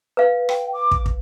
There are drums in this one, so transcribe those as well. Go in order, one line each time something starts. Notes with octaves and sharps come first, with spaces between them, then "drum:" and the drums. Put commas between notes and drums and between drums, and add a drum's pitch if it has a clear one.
B4 F5
G5, drum: rim click
D6
drum: kick
drum: kick